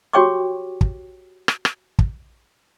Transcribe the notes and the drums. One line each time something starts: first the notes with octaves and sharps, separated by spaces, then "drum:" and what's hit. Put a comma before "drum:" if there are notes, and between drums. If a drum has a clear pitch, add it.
F#4 G4 C#5 G5 C#6 D6
drum: kick
drum: rim click
drum: rim click
drum: kick